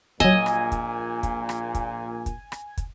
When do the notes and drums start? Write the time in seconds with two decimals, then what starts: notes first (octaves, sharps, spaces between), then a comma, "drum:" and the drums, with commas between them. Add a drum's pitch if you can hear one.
0.20 A#1 A#2 F#3 D#5 G#5 E6, drum: kick, hi-hat
0.46 drum: rim click
0.72 drum: kick, hi-hat
1.23 drum: kick, hi-hat
1.49 drum: rim click
1.75 drum: kick, hi-hat
2.26 drum: kick, hi-hat
2.52 drum: rim click
2.78 drum: kick, hi-hat